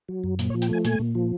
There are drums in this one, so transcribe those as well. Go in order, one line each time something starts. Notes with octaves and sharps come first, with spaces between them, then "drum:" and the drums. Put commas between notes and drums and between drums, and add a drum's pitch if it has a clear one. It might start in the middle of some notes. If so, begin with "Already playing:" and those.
F#3
F#2
A#2, drum: hi-hat
C#5
F3
G5, drum: hi-hat
A3 G#5
A#2 G#5, drum: hi-hat
A#2
F3